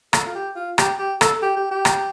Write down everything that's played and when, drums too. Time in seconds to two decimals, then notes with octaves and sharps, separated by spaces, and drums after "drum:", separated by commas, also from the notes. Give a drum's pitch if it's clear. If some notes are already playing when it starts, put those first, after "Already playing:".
0.13 A4, drum: rim click
0.26 F4
0.35 G4
0.56 F4
0.78 G4, drum: rim click
0.99 G4
1.21 A4, drum: rim click
1.42 G4
1.57 G4
1.71 G4
1.85 drum: rim click